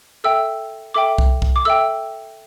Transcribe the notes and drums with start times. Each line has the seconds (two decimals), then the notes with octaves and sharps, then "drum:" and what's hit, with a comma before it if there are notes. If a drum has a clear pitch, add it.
0.24 A4 E5 G5 E6
0.94 A4 E5 G5 D6
1.18 drum: kick C2
1.42 drum: kick C2
1.56 D6
1.65 A4 E5 G5 E6